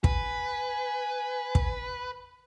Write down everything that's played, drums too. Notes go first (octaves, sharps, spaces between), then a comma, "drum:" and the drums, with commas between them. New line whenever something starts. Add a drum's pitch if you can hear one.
B4 G#5, drum: kick
drum: kick